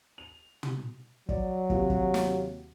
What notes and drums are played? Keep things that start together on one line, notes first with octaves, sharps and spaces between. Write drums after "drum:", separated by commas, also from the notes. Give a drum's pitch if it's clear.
F7
drum: tom
F#3 D5, drum: kick
D#2 C3, drum: kick
drum: kick
drum: snare